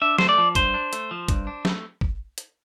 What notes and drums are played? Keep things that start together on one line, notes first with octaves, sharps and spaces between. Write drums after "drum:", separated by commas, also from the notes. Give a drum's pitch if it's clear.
D4 E5
A3 C5, drum: snare
D5
F3
G2 C5, drum: kick, hi-hat
D4
A3, drum: hi-hat
F3
G2, drum: kick, hi-hat
D4
A3, drum: snare
drum: kick
drum: hi-hat